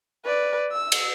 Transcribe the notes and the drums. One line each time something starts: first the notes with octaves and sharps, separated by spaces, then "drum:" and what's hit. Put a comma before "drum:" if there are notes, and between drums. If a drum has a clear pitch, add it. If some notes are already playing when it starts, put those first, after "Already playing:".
B4 D5
E6
drum: cymbal